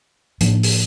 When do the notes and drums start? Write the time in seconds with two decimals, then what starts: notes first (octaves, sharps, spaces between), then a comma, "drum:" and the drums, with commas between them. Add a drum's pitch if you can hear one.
0.41 A2 F3 A#3 D4, drum: hi-hat
0.63 drum: open hi-hat